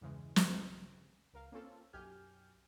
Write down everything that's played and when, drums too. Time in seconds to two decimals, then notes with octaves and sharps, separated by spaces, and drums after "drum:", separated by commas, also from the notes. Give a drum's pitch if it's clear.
0.01 E2 G2 C#3 E3 G#3
0.36 drum: snare
1.33 C#2 A#4 F5
1.52 A#3 C4 C#4 F4 A4
1.93 B1 F#2 G4 G#5 F6 G6